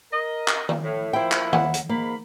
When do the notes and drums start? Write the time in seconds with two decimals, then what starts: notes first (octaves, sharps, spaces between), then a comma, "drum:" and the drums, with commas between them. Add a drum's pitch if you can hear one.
0.12 A#4 D#5
0.48 drum: clap
0.69 drum: tom D#3
0.83 A2
1.13 F3 A#3 E4 C5 G5
1.32 drum: clap
1.53 D#2 F#5, drum: tom D#3
1.74 drum: hi-hat
1.89 G#2 A#3 B5